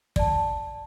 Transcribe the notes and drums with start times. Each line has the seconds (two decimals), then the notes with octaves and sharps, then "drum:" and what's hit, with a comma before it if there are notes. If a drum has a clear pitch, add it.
0.16 D5 A5, drum: kick